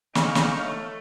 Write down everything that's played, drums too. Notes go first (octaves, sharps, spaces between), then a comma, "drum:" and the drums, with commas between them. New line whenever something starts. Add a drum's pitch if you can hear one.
D#4 C#5 F5, drum: snare
drum: snare
A3